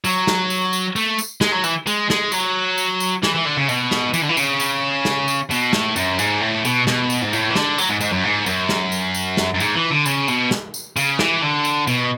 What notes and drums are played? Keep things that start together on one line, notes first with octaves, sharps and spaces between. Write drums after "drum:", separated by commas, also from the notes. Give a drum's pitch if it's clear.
F#3, drum: tambourine
drum: snare
drum: tambourine
drum: tambourine
A3, drum: tambourine
drum: tambourine
G#3, drum: snare
F#3
E3, drum: tambourine
G#3, drum: tambourine
G#3, drum: snare
F#3, drum: tambourine
drum: tambourine
drum: tambourine
E3, drum: snare
E3
D3
C#3
B2, drum: tambourine
drum: snare
E3, drum: tambourine
D3
E3
C#3, drum: tambourine
drum: tambourine
drum: snare
drum: tambourine
B2, drum: tambourine
A2, drum: snare
F#2, drum: tambourine
G#2, drum: tambourine
A2
B2, drum: tambourine
B2, drum: snare
drum: tambourine
G#2
A2, drum: tambourine
E3
D3, drum: snare
F#3, drum: tambourine
G#2
G#2, drum: tambourine
F#2
G#2
F#2, drum: tambourine
drum: snare
drum: tambourine
drum: tambourine
drum: snare
F#2
G#2, drum: tambourine
E3
D3
C#3, drum: tambourine
B2, drum: tambourine
drum: snare
drum: tambourine
C#3, drum: tambourine
E3, drum: snare
D3
drum: tambourine
B2, drum: tambourine